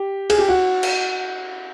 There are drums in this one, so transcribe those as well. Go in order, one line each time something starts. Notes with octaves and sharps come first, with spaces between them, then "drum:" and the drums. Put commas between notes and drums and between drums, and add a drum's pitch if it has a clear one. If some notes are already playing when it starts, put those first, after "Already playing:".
Already playing: G4
G#4, drum: cymbal
G4
F#4
drum: cymbal